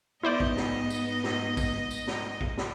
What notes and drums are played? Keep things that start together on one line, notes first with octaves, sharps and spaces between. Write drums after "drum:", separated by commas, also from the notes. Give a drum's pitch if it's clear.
G#2 B3 D#4 E4 C5 D5 D#5
drum: kick
drum: snare
drum: tambourine
drum: snare
drum: kick, tambourine
drum: tambourine
drum: snare
drum: kick
drum: snare